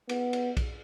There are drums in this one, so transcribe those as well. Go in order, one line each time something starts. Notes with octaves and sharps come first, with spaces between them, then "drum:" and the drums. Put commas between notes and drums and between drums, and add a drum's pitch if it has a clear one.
B3, drum: cymbal
drum: cymbal
drum: kick B1, cymbal